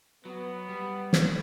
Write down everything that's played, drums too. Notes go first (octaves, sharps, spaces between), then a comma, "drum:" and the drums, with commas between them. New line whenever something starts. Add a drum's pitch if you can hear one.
F#3 B3
G3
drum: snare